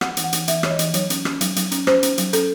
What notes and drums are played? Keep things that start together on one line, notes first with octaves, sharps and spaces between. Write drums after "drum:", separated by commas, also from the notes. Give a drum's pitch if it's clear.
C4 F#5, drum: rim click
E3, drum: hi-hat
F#5
E3, drum: hi-hat
E3 E5, drum: hi-hat
E3 C#5, drum: rim click
D#5
E3, drum: hi-hat
F#3 C#5, drum: hi-hat
C#4, drum: hi-hat
C#4, drum: rim click
F#3, drum: hi-hat
F#3, drum: hi-hat
C#4, drum: hi-hat
C#4 C5, drum: rim click
C#4, drum: hi-hat
F#3, drum: hi-hat
C#4 A4, drum: hi-hat